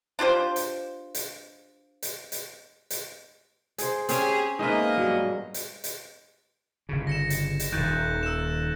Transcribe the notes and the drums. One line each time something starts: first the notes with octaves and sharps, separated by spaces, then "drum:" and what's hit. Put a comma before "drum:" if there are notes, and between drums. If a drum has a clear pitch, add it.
D4 F4 G4 C5
drum: hi-hat
drum: hi-hat
drum: hi-hat
drum: hi-hat
drum: hi-hat
G#4 C5, drum: hi-hat
C4 C#4 G4 G#4, drum: hi-hat
G#3 A#3 B3 D#4 C5 D#5 E5
G#2 F#3 G3
drum: hi-hat
drum: hi-hat
G1 C#3
A#6 C#7 E7
drum: hi-hat
drum: hi-hat
D#1 A#1 D#3 F#6 G6 A6
E6 E7